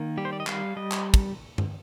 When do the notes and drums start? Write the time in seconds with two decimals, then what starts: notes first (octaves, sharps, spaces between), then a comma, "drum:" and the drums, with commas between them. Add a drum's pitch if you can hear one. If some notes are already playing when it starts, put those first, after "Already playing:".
Already playing: D#3 A#3
0.18 G3 G4
0.25 C5
0.33 D5
0.40 D#5
0.47 G3 F5, drum: clap
0.76 G3 D#5
0.92 drum: clap
1.14 drum: kick, cymbal
1.58 drum: tom G2